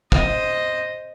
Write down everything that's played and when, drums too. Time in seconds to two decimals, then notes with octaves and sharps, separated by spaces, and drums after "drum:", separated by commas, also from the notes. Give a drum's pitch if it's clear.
0.12 C5 D#5, drum: kick